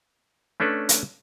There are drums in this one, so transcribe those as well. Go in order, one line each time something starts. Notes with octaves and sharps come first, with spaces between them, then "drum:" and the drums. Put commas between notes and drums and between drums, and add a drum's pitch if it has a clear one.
A3 C#4 D4 A4 B4
drum: hi-hat